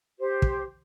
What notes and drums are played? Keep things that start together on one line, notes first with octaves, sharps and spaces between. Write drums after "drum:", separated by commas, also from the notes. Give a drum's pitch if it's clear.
G4 C5
drum: kick